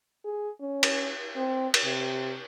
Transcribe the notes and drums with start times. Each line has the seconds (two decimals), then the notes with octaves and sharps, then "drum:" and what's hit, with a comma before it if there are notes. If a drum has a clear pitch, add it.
0.25 G#4
0.60 C#4
0.83 drum: cymbal
1.36 C4
1.74 drum: cymbal
1.84 C3